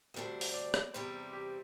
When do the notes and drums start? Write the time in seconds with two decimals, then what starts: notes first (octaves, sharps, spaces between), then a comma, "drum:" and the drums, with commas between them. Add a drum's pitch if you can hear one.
0.14 D2 C3 G3 D4 C5
0.41 drum: open hi-hat
0.54 D5
0.74 drum: rim click
0.94 E2 C3 G3 C4 E4 C5
1.33 G4